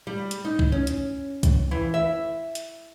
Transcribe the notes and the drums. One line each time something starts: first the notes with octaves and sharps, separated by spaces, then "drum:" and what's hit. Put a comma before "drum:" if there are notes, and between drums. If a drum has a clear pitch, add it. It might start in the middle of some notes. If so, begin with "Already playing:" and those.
G3
drum: hi-hat
D#4
drum: kick B1
C#4
drum: hi-hat
drum: kick B1, hi-hat
E3
E5
drum: hi-hat